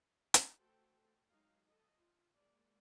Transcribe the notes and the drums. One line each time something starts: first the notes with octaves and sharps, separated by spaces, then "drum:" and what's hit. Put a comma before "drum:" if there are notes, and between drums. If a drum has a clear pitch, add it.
drum: hi-hat
A3 F#4 A4 C5 G5
F#3 G#3 D#4 F5
A4 D#5
F4
G#3 A#3 D5